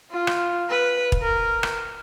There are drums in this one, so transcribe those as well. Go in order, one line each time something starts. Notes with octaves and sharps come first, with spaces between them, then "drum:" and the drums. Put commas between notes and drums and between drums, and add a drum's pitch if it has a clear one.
F4
drum: rim click
B4
drum: kick
A#4
drum: rim click